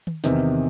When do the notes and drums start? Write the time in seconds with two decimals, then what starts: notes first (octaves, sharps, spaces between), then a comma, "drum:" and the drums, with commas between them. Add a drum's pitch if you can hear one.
0.07 drum: tom D#3
0.24 E2 C3 D#3, drum: snare